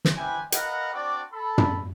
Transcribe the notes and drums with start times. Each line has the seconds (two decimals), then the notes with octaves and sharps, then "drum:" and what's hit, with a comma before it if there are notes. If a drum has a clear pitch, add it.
0.05 drum: snare
0.17 E4 G4 B4 C5 G5 G#5
0.52 A#4 B4 D#5 F5 F#5, drum: hi-hat
0.94 C4 D4 F#4 D5
1.32 A4 B5
1.58 drum: tom